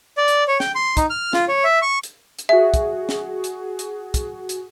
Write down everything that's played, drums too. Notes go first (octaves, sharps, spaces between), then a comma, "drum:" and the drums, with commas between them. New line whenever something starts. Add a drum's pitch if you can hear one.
D5
drum: hi-hat
C#5
G5, drum: snare
C6
D#4, drum: kick, hi-hat
F6
F4, drum: snare
C#5
E5
C#6
drum: hi-hat
drum: hi-hat
F#4 G#4 E5
drum: kick, hi-hat
drum: snare
drum: hi-hat
drum: hi-hat
drum: kick, hi-hat
drum: hi-hat